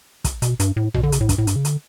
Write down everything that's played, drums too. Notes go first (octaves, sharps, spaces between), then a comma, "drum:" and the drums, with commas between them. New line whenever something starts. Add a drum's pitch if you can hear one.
drum: kick, hi-hat
B2, drum: hi-hat
G2, drum: hi-hat
A2
B2, drum: tom A#1
D3
C#3, drum: hi-hat
A2
G2, drum: kick, hi-hat
A2
G2, drum: hi-hat
C#3
D3, drum: hi-hat